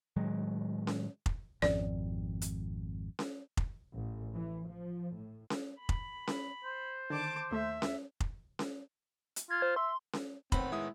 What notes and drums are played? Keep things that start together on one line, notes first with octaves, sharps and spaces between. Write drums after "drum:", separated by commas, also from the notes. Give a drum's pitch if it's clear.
A2 D#3 F#3 G#3
drum: snare C#4
drum: kick
G#1 F2 D5, drum: snare C#4
drum: hi-hat
drum: snare C#4
drum: kick
A1
E3
F3
A2
drum: snare C#4
B5
drum: kick
drum: snare C#4
C5
D3 D#3 A5 D6
D#2 A3 E5
drum: snare C#4
drum: kick
drum: snare C#4
drum: hi-hat
F4 G#6
C5
E5 C6
drum: snare C#4
A2 D#3 B3 C4 B5, drum: kick
G#3 E4 D#6